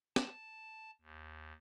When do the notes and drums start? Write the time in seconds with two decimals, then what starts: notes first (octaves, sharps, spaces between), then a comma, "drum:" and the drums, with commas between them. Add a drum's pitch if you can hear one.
0.16 A5, drum: snare
1.02 D#2